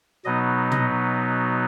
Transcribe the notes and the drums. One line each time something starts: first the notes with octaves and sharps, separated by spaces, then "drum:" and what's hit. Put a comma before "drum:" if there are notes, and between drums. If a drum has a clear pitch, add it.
B2 F#3 B3 D#4 D#5
D#5, drum: tom